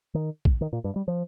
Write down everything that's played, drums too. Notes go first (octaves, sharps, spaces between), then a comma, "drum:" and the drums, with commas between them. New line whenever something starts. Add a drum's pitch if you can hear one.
D#3
drum: kick
D#3
A#2
G2
G3
F3